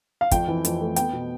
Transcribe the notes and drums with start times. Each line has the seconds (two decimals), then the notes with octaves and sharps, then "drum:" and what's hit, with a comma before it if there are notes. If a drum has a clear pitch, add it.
0.21 F5
0.31 F2 G5, drum: kick, hi-hat
0.48 E3
0.65 F2, drum: hi-hat
0.80 A3
0.96 B3 G5, drum: hi-hat
1.13 B2